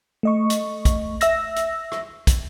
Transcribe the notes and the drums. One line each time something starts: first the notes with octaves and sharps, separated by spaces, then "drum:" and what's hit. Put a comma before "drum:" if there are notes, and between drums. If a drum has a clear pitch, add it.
A3 D#5 C#6
drum: hi-hat
drum: kick, hi-hat
E5 E6 A#6, drum: hi-hat
drum: hi-hat
drum: rim click
drum: kick, hi-hat